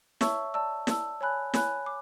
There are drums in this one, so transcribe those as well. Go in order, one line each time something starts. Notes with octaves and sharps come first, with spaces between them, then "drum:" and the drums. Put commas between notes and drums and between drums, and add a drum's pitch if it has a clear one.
C#5 E5 A5 C#6 E6, drum: snare
D5 A5 E6
D5 A5 E6, drum: snare
C#5 G#5 B5 F#6
C#5 G#5 B5 F#6, drum: snare
D6